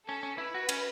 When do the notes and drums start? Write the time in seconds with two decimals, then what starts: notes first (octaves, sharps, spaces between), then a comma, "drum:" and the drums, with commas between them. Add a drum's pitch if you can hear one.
0.08 C#4 A4
0.23 C#4
0.38 E4 B4
0.54 F#4
0.69 C#4, drum: cymbal